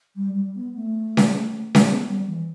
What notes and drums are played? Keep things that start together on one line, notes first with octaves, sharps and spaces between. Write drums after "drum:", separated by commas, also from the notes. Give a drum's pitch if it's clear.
G3
G3
B3
A3
drum: snare C#4
drum: snare C#4
B3
G3
E3